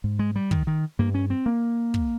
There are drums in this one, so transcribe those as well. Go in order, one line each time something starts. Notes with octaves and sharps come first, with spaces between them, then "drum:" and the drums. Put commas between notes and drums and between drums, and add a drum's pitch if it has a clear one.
G#2
G#3
G3
D#3, drum: kick
D#3
G2 A#3
C#4
C4
A#3
drum: kick